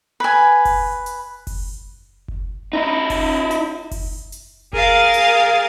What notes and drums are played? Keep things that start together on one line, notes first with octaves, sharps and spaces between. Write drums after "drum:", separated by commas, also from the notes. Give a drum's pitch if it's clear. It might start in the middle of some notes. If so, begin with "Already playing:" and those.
B4 G#5
drum: kick F#1, open hi-hat
drum: hi-hat
drum: kick F#1, open hi-hat
drum: kick F#1
D#4 E4
drum: kick F#1, open hi-hat
drum: hi-hat
drum: kick F#1, open hi-hat
drum: hi-hat
G#4 A#4 F5 A6, drum: kick F#1
drum: hi-hat